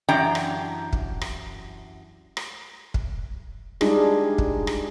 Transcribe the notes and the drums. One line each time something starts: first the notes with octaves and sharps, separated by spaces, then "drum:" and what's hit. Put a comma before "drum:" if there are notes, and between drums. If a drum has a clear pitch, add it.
F#2 E3 D4 G4 G5 A#5
drum: rim click
drum: kick
drum: rim click
drum: rim click
drum: kick
G3 G#3 D4 D#4 F4 G#4, drum: rim click
drum: kick
drum: rim click